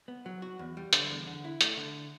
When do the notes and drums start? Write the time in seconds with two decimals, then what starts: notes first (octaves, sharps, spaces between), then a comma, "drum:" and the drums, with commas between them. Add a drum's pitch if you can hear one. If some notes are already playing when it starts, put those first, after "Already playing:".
0.08 B3
0.26 F#3
0.42 F#4
0.59 E2
0.77 G3
0.93 D3, drum: hi-hat
1.10 E2
1.26 D3
1.45 E4
1.61 A3, drum: hi-hat
1.77 D3